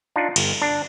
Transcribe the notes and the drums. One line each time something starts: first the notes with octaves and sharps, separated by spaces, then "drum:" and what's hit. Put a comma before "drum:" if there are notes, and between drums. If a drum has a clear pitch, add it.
D4 D#4 F4
G1, drum: cymbal
D4